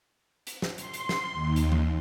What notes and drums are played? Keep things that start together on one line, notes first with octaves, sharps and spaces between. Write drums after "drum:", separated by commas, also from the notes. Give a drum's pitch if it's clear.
drum: hi-hat
drum: snare
C6, drum: hi-hat
drum: hi-hat
drum: snare
D#2
drum: hi-hat
drum: tom E3